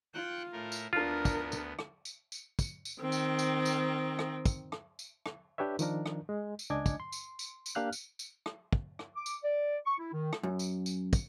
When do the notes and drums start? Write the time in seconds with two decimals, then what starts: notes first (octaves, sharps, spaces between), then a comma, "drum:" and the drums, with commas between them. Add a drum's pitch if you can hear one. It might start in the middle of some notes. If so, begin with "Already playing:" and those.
0.14 F4 F#5 G5 F#6
0.52 A2 A3 A#4
0.72 drum: tambourine
0.93 D2 B3 D4 F4 A#4
1.25 drum: kick, tambourine
1.52 drum: tambourine
1.79 drum: rim click
2.05 drum: tambourine
2.32 drum: tambourine
2.59 drum: kick, tambourine
2.85 drum: tambourine
3.01 D#3 C4
3.12 drum: tambourine
3.39 drum: tambourine
3.65 drum: tambourine
4.19 drum: rim click
4.45 drum: kick, tambourine
4.72 drum: rim click
4.99 drum: tambourine
5.26 drum: rim click
5.58 D4 G4 B4 C#5 E5
5.79 D#3 F3 D4 A#4, drum: tambourine
6.06 drum: rim click
6.29 G#3
6.59 drum: tambourine
6.70 C#2 D4 D#5 G#5 D6 G#6
6.86 drum: kick, tambourine
7.00 C6
7.12 drum: tambourine
7.39 drum: tambourine
7.66 drum: tambourine
7.75 A#3 D4 G4 F5 F6 F#6
7.92 drum: tambourine
8.19 drum: tambourine
8.46 drum: rim click
8.73 drum: kick
8.99 drum: rim click
9.16 D6
9.26 drum: tambourine
9.44 D5
9.86 C#6
9.99 E4
10.13 D#3
10.33 drum: rim click
10.43 F#2
10.59 drum: tambourine
10.86 drum: tambourine
11.13 drum: kick, tambourine